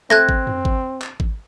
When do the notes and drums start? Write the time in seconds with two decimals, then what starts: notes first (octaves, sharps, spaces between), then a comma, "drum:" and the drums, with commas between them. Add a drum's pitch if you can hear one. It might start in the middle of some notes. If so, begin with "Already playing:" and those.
0.10 A3 C4 F#6 G#6 A#6
0.29 drum: kick G#1
0.47 drum: tom F2
0.65 drum: kick G#1
1.02 drum: clap
1.20 drum: kick G#1